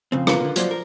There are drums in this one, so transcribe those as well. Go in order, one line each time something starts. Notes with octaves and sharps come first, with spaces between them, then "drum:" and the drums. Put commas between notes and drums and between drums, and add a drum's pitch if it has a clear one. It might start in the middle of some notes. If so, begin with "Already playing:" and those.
F2 C#3 C4
F4 A#4 B4, drum: rim click
B2 D3
F3 F#3 A#3 C5 D5, drum: hi-hat
A#4